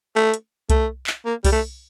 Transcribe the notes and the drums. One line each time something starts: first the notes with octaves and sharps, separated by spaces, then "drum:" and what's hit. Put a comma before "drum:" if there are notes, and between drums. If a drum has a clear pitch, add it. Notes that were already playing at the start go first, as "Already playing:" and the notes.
A3
drum: hi-hat
A3, drum: kick C2, hi-hat
drum: clap
A#3
G3, drum: kick C2, open hi-hat
A3